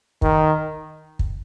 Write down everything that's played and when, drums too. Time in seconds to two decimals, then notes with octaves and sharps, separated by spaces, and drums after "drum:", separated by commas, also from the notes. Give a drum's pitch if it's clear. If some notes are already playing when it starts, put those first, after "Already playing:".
0.22 D#3, drum: kick
1.19 drum: kick